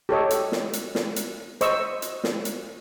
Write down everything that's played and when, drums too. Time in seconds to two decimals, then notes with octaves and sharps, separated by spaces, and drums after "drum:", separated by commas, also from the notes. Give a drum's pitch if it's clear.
0.09 G4 A4 C#5 D#5
0.30 drum: hi-hat
0.52 drum: snare
0.73 drum: hi-hat
0.95 drum: snare
1.16 drum: hi-hat
1.61 C5 D#5 C#6 E6, drum: hi-hat
2.02 drum: hi-hat
2.24 drum: snare
2.45 drum: hi-hat